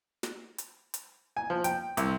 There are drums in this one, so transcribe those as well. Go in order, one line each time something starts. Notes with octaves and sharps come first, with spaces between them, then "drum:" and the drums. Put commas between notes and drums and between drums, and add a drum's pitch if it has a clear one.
drum: snare
drum: hi-hat
drum: hi-hat
G#5
F3
G5, drum: hi-hat
C2, drum: hi-hat